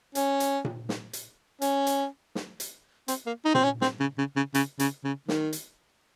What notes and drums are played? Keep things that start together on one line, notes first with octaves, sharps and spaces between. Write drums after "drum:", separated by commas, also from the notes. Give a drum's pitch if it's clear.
C#4, drum: hi-hat
drum: hi-hat
drum: tom A#2
drum: snare
drum: hi-hat
C#4, drum: hi-hat
drum: hi-hat
drum: snare
drum: hi-hat
C4, drum: hi-hat
A#3
D#4
C4, drum: tom A#2
C#4
C4, drum: snare
C#3
C#3
C#3
C#3, drum: hi-hat
C#3, drum: hi-hat
C#3
D#3, drum: snare
drum: hi-hat